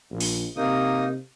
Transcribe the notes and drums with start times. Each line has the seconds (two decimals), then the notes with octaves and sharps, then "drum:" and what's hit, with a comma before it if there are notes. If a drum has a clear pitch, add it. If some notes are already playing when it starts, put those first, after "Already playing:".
0.11 A#1
0.20 drum: open hi-hat
0.56 C3 A#3 D#4 D#6